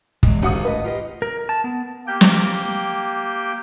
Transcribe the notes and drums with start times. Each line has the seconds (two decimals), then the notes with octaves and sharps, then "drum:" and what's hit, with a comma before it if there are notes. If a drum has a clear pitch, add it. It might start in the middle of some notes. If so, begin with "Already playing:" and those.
0.23 E2 G#3, drum: kick
0.42 G#1 G#4 B4 F#5 D#6
0.65 A2 B4 D#5
0.84 F4 G4 D#5
1.22 A#4
1.49 A5
1.64 B3
2.07 A#3 G4 G5 G6
2.21 drum: snare